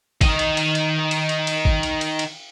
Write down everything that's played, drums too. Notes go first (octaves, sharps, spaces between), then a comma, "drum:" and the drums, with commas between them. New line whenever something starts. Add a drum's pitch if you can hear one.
D#3 D#5, drum: kick, cymbal
drum: cymbal
drum: cymbal
drum: cymbal
drum: cymbal
drum: cymbal
drum: cymbal
drum: kick
drum: cymbal
drum: cymbal
drum: cymbal